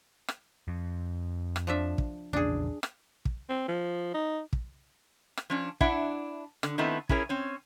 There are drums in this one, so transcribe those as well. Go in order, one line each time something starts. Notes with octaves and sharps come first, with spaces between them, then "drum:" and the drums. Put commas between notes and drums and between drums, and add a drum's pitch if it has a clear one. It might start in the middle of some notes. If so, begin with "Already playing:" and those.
drum: rim click
F2
drum: rim click
F3 D4 E5
drum: kick
A#1 E2 C#3 D4 G#4
drum: rim click
drum: kick
C4
F3
D#4
drum: kick
drum: rim click
F3 C#4 D4
D4 E4 E5 F#5, drum: kick
D3, drum: rim click
D#3 A3 B3 C4 E4
C#4 E4 G#4 A#4 C#5, drum: kick
C4 C#4 C#5